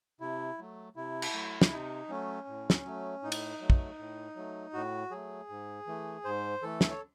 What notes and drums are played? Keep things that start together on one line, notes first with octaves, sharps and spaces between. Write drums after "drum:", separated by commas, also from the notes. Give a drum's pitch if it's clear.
C3 E4
F#3 A3
C3 E4
drum: cymbal
F#3 A3
drum: snare
C3 D#4
F#3 A3 C#4
A2
drum: snare
F#3 A3
A2 D#4
drum: cymbal
F#3 A3
drum: kick
A2
F#3 A3
A2 F#4
F#3 A3 G#4
G#2
E3 A3
G#2 C5
E3 A3 A4
drum: snare
C#5